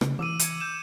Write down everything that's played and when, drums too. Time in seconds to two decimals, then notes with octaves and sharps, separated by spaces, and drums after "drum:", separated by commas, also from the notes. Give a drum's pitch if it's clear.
0.01 C#3, drum: rim click
0.19 E3 D6 E6 D#7
0.39 G#6 C#7, drum: hi-hat
0.60 E6 G6 E7